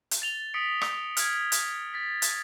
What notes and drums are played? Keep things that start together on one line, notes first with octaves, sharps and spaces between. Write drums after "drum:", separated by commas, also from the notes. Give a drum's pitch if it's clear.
drum: hi-hat
A6 F7 G7
D#6 B6 C#7 D7
drum: rim click
F6 G#6, drum: hi-hat
drum: hi-hat
A6 B6
drum: hi-hat